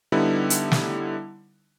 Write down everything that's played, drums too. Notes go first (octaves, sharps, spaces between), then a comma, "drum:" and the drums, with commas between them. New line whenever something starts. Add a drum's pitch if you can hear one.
D3 G3 B3 D#4 E4
drum: hi-hat
drum: snare